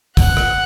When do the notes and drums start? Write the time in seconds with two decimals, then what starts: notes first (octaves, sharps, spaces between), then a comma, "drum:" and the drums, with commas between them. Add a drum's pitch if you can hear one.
0.17 F#5, drum: kick, open hi-hat
0.37 drum: rim click